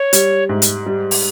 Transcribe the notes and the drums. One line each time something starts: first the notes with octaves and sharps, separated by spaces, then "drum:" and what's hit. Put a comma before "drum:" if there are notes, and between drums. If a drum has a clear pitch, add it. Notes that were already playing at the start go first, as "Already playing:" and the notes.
Already playing: C#5
G3, drum: hi-hat
G#2
drum: hi-hat
G3
drum: open hi-hat